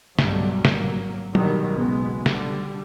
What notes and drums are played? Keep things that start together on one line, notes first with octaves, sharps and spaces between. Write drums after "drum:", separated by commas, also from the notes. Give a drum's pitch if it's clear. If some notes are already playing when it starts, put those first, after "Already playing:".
B1 G2 B2 F#3 G3 A3, drum: snare
G#1 F#3 A#3, drum: snare
B2 D3 D#3 F#3 G3, drum: tom
F#1 B1 G#3 B3
D3 G3, drum: snare